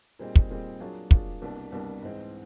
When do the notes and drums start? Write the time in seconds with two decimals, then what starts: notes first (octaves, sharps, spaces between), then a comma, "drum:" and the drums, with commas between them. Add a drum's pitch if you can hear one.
0.19 A#2 G3 C4 D#4 G#4
0.36 drum: kick
0.50 A#2 G3 C4 D#4 G#4
0.80 F#3 A#3 D4 F4 G#4
1.11 F#3 A#3 D4 F4 G#4, drum: kick
1.42 C2 B2 G3 A#3 D4
1.72 C2 B2 G3 A#3 D4
2.02 G#2 E3 G#3 C4